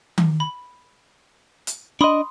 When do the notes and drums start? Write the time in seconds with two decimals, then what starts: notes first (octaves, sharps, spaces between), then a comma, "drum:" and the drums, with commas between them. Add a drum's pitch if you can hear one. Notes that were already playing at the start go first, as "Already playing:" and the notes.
0.18 drum: tom D#3
0.40 B5
1.67 drum: hi-hat
2.01 D4 D#5 B5 C6 D#6